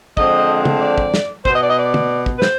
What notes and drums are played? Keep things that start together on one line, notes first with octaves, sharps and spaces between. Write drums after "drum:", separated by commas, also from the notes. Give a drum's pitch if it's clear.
D3 F3 G#3 C4 D#5, drum: kick
drum: tom
D5
drum: kick
drum: snare
B2 B3 C5, drum: kick
D#5
D5
D#5
D5
drum: tom
drum: kick
B4
C5, drum: snare